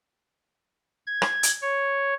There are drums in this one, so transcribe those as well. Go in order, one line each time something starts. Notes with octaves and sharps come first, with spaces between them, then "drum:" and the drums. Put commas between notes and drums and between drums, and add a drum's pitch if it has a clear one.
G#6
drum: rim click
drum: hi-hat
C#5